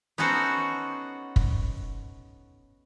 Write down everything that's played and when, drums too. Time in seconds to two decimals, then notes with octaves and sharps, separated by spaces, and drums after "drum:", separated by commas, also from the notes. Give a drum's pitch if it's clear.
0.18 B3 C#4 D#4 F#4 A4 C5
1.36 drum: kick